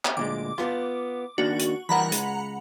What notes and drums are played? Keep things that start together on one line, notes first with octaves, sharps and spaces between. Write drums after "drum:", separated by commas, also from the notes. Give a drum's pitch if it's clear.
drum: clap
D2 A#2 G#3 D6
B3 F4, drum: rim click
D#3 A#3 D4 F#4
drum: hi-hat
E3 G3 A#4 F#5 A#5 B5
C#2 G#3, drum: hi-hat